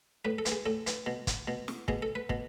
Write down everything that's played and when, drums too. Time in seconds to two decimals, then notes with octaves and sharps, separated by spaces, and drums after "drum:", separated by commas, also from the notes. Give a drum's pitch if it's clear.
0.25 A2 B4
0.38 A4
0.45 E3, drum: hi-hat
0.52 G#4
0.66 A2 A4
0.87 E3, drum: hi-hat
1.06 B2
1.27 drum: kick, hi-hat
1.48 B2
1.68 drum: snare
1.88 B2 G#4, drum: kick
2.02 A4
2.15 B4
2.30 B2, drum: kick